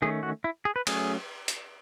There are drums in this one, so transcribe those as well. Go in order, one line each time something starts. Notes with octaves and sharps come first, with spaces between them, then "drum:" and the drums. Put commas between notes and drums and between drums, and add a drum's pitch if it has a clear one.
D#3 A3 C#4 G#4
F#4
E4
G#4
B4
F#3 A3 C#4 G#4, drum: cymbal
drum: hi-hat